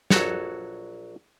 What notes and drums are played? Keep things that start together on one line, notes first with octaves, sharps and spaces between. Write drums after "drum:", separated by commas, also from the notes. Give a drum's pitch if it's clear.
A#1 F#3 F#4 A4 C#5, drum: snare